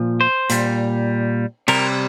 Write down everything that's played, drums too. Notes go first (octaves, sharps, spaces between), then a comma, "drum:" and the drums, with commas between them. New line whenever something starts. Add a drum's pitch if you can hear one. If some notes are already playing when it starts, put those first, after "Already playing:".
Already playing: A#2 F3
C5
A#2 G3, drum: hi-hat
C3 G3 A#4, drum: cymbal